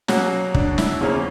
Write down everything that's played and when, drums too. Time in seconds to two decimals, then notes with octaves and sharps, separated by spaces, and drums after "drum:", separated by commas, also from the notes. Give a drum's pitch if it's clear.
0.08 B2 F#3 A#3 C#4 F#4, drum: snare
0.54 D4, drum: kick
0.78 E4, drum: snare
1.00 E2 C#3 F3 A#3 C#4